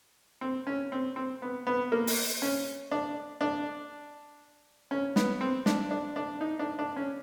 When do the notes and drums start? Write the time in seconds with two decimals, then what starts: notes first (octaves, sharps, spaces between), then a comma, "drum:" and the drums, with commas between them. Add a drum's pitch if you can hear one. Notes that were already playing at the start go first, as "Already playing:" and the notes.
0.41 C4
0.67 C#4
0.92 C4
1.16 C4
1.42 B3
1.67 B3
1.92 A#3
2.07 drum: open hi-hat
2.42 C#4
2.91 D4
3.41 D4
4.91 C#4
5.16 B3, drum: snare
5.41 C4
5.66 D4, drum: snare
5.91 D4
6.16 D4
6.41 D#4
6.59 D4
6.79 D4
6.96 C#4